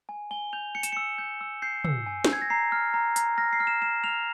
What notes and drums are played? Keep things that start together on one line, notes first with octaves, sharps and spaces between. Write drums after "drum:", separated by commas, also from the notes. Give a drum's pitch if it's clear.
G#5
G#5 G7
G6 F7
G6 C#7
E7, drum: hi-hat
E6 C#7
G6
E6
G6 C7
E6, drum: tom
G#5
G6, drum: snare
E6 G#6
A#6
A#5 C7
F6
A#5
A#5, drum: hi-hat
F6 A#6
C7
F6
E7
F6 E7
F6 F7